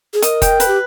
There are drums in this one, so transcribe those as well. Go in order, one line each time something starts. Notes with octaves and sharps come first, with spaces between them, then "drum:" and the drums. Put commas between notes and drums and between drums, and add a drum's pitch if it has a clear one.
G#4
A#4 D#5, drum: hi-hat
G5, drum: kick F1, hi-hat
B4, drum: hi-hat
G4